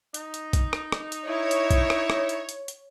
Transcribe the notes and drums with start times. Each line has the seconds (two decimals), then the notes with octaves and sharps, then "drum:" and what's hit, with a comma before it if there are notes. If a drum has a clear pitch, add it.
0.14 D#4, drum: hi-hat
0.34 drum: hi-hat
0.53 drum: kick, hi-hat
0.73 drum: rim click
0.92 drum: rim click
1.12 drum: hi-hat
1.26 E4 C#5
1.51 drum: hi-hat
1.71 drum: kick, hi-hat
1.90 drum: rim click
2.10 drum: rim click
2.29 drum: hi-hat
2.49 drum: hi-hat
2.68 drum: hi-hat